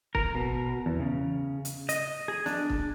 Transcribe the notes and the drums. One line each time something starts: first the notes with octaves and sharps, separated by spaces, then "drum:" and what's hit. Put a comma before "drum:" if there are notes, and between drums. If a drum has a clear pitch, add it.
A#4, drum: kick
B2
E2
C#3
drum: hi-hat
D#5, drum: hi-hat
G#4
D4, drum: snare B3
drum: kick